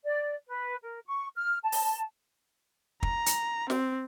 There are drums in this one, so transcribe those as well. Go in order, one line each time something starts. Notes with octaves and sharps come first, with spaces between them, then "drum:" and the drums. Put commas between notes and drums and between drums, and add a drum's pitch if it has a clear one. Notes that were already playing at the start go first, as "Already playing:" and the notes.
D5
B4
A#4
C#6
F6
A5
drum: open hi-hat
A#5, drum: kick
drum: hi-hat
C4, drum: snare